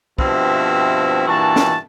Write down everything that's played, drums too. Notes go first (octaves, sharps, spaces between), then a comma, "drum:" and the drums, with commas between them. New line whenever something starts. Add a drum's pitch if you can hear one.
G2 B2 F3 C4 E4 E5, drum: kick
G2 A#2 E3 F#4 A5
drum: snare